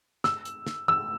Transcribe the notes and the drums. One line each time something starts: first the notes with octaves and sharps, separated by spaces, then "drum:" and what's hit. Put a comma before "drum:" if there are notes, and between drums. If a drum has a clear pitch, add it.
E6, drum: snare
drum: hi-hat
drum: snare
E6, drum: tom